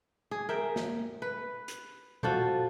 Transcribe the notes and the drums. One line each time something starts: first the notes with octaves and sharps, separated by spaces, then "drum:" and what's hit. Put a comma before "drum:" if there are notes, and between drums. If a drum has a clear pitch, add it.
G#4
A#4 E5 G5
drum: snare
B4
drum: hi-hat
F4 F#4 A4 C5, drum: tom A#2